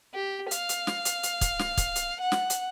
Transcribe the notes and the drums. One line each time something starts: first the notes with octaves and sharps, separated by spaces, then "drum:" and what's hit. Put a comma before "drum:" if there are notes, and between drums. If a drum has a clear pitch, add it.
G4
F5, drum: hi-hat
drum: hi-hat
drum: snare
drum: hi-hat
drum: hi-hat
drum: kick, hi-hat
drum: snare
drum: kick, hi-hat
drum: hi-hat
F#5
drum: snare
drum: hi-hat